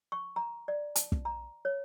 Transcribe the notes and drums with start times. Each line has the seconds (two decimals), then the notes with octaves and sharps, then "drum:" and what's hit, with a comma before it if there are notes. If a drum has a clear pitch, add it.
0.12 C#6
0.36 A#5
0.68 D5
0.96 A5, drum: hi-hat
1.12 drum: kick
1.25 A#5
1.65 C#5